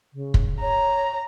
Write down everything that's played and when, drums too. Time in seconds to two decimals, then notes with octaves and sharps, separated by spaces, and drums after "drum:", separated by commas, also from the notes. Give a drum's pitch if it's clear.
0.14 C#3
0.34 drum: kick
0.61 C#5 A#5